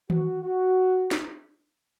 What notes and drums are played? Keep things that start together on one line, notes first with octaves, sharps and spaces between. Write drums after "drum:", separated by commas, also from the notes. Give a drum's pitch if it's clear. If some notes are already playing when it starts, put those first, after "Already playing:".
F#4, drum: tom D#3
F#4
drum: snare